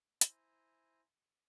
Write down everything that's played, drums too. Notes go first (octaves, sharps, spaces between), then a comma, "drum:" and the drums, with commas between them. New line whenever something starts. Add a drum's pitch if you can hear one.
E4 C5 G#5 A#5, drum: hi-hat